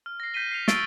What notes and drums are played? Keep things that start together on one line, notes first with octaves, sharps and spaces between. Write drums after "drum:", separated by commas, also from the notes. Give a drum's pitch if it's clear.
F6
A#6 C7
G6 B6 C7 D#7 G7
C7 C#7 F7
C#6 E6 A6 C7 D7 G7, drum: snare